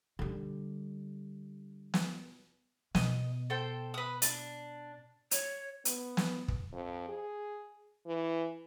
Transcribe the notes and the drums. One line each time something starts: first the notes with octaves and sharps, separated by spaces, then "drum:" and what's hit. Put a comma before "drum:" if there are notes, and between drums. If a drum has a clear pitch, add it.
D3 G3
drum: snare
B2 D#5, drum: snare
A4 C5 G5
B4 D#6
D4, drum: hi-hat
C#5, drum: hi-hat
B3, drum: hi-hat
drum: snare
drum: kick
F2
G#4
E3